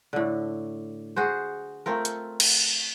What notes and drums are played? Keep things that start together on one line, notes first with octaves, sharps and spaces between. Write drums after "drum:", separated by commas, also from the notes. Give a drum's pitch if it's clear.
A2 D3
F#4 G#4 C5
A3 C4 F4 A#4
drum: hi-hat
drum: cymbal